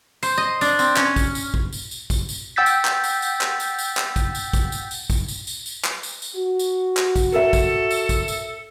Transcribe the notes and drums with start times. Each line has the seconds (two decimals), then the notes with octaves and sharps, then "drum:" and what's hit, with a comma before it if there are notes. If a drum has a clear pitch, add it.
0.23 C5, drum: tambourine
0.38 D#5
0.61 D4, drum: tambourine
0.79 C4, drum: tambourine
0.97 C#4, drum: clap
1.16 drum: kick, tambourine
1.35 drum: tambourine
1.54 drum: kick
1.73 drum: tambourine
1.91 drum: tambourine
2.10 drum: kick, tambourine
2.29 drum: tambourine
2.56 F#5 G5 E6 G6 A6 B6
2.66 drum: tambourine
2.85 drum: clap
3.04 drum: tambourine
3.22 drum: tambourine
3.41 drum: clap
3.60 drum: tambourine
3.79 drum: tambourine
3.97 drum: clap
4.16 drum: kick, tambourine
4.35 drum: tambourine
4.53 drum: kick, tambourine
4.72 drum: tambourine
4.91 drum: tambourine
5.10 drum: kick, tambourine
5.28 drum: tambourine
5.47 drum: tambourine
5.66 drum: tambourine
5.85 drum: clap
6.03 drum: tambourine
6.22 drum: tambourine
6.35 F#4
6.59 drum: tambourine
6.97 drum: clap
7.16 drum: kick, tambourine
7.32 A4 A#4 E5
7.53 drum: kick, tambourine
7.91 drum: tambourine
8.09 drum: kick, tambourine
8.28 drum: tambourine